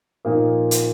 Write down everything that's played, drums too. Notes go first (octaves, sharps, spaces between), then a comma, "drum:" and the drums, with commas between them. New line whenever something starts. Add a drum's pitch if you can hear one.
A#2 F3 A#3 D#4
drum: hi-hat